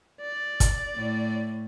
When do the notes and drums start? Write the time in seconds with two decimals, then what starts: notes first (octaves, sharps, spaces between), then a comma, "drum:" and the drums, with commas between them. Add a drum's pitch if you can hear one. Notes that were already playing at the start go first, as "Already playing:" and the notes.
0.21 D5
0.60 drum: kick, hi-hat
0.96 A2